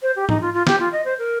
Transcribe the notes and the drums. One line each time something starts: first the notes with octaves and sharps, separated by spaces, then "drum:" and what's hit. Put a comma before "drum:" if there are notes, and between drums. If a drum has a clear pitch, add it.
C5
G4
D#4, drum: tom G#2
F4
F4
G4, drum: snare
F4
D#5
C5
A#4